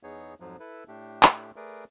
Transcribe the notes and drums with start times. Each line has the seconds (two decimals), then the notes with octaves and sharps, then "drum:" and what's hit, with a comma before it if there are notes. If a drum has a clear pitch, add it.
0.03 E2 B3 D#4 G#4 C#5
0.40 F2 G#2 F3 F#3
0.60 E4 A4 B4
0.88 A2 A3 D4 G4
1.23 drum: clap
1.56 A3 G#4 A#4 B4 D5